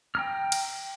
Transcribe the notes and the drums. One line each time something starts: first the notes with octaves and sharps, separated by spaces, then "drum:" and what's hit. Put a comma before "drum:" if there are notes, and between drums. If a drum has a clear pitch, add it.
G5 A#5 F6
drum: cymbal